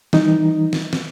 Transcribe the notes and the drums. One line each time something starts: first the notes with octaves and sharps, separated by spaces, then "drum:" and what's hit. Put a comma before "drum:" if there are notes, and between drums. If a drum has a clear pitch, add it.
E3 G3 D#4, drum: snare
drum: snare
drum: snare